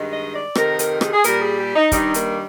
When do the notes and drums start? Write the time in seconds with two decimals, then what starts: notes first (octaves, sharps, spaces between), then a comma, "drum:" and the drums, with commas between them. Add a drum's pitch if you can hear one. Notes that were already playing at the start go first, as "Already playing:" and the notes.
Already playing: G2 D#3 G#3
0.11 D#5
0.33 D5
0.55 F2 C3 D#3 A#4, drum: rim click
0.79 A#4, drum: hi-hat
1.01 G#4, drum: rim click
1.12 G#4
1.24 A#2 G3 A#4, drum: hi-hat
1.41 G#4
1.58 G4
1.75 D#4
1.92 G2 D#3 G3 D#4, drum: kick, hi-hat
2.14 A#3, drum: hi-hat